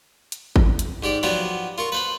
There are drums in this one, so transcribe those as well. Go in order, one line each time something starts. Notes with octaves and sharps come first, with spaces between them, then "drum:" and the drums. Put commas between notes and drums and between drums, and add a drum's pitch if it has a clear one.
drum: hi-hat
drum: kick G#1
drum: hi-hat
G#2 G4 D5 D6
F3 F#3 B3 G4 D5 A#5
F4 A#4 C#6
B4 C5 B5